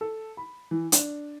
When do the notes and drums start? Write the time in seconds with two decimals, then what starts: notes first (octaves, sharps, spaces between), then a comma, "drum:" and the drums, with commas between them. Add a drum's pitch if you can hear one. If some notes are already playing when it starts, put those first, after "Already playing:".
0.01 A4
0.37 B5
0.71 E3
0.92 D4, drum: hi-hat